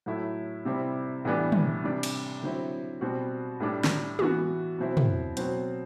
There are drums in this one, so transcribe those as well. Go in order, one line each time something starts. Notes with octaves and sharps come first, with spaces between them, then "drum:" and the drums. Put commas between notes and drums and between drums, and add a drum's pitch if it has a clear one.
A2 F#3 A3 E4
C3 G3 C4 E4
A2 E3 G3 B3 D4
drum: tom
C3 G3 D4
drum: cymbal
D3 F#3 C4 E4
B2 G3 C4 F#4
A2 G3 D4
drum: snare
E3 B3 F#4, drum: tom
B2 F#3 C4 E4
drum: tom
B2 F#3 C4, drum: hi-hat